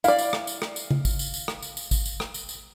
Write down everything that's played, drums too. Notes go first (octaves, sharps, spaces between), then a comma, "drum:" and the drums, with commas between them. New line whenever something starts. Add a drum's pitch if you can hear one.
E4 D5 F5, drum: tambourine
drum: tambourine
drum: rim click
drum: tambourine
drum: rim click
drum: tambourine
drum: tom
drum: kick G#1, tambourine
drum: tambourine
drum: tambourine
drum: rim click
drum: tambourine
drum: tambourine
drum: kick G#1, tambourine
drum: tambourine
drum: rim click
drum: tambourine
drum: tambourine